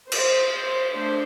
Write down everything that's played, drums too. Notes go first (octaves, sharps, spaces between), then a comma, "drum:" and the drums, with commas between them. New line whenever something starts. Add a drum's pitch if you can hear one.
C5, drum: cymbal
A3 D4 C5